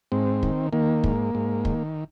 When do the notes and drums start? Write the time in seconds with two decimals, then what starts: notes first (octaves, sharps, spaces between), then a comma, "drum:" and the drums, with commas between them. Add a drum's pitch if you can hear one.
0.12 G#2 C4
0.43 D#3, drum: kick
0.73 D#3 A#3
1.04 G#2, drum: kick
1.35 G#2
1.65 D#3, drum: kick